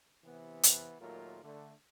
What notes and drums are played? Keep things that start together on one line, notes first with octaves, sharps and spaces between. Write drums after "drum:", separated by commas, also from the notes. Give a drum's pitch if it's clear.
C3 E3 B3
drum: hi-hat
D#2 A#2 F#3 A3 F4 A#4
D3 A3